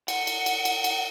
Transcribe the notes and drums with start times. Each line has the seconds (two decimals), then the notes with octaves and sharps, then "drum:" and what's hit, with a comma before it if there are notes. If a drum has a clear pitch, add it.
0.08 F#5, drum: cymbal
0.27 drum: cymbal
0.46 drum: cymbal
0.65 drum: cymbal
0.84 drum: cymbal